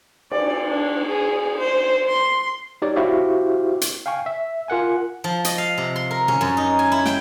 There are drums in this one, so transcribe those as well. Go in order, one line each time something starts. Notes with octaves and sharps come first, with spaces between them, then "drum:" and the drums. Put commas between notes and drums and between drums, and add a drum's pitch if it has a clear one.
D5, drum: cymbal
D4
G#4
C5
C6
D#4 G4 C#5 D5
E4 F#4 G4 C5 E5 F5
drum: hi-hat
F5 G5 G#5 C#6
E5
F4 A#4 F#5 G#5
F3
D#5, drum: hi-hat
F5
C3
C6
A#4
C#4, drum: tom
F#2
D#4
G#5
E4
G5, drum: snare